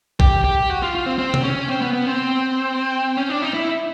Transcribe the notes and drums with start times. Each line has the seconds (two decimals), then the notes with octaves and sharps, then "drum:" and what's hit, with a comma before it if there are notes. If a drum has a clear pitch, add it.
0.20 G4, drum: kick A#1
0.44 G4
0.70 F#4
0.82 F4
0.95 F4
1.06 C4
1.18 C4
1.34 drum: tom C3
1.44 C#4
1.69 C4
1.82 B3
1.93 B3
2.06 C4
3.17 C#4
3.29 D4
3.42 D#4
3.54 E4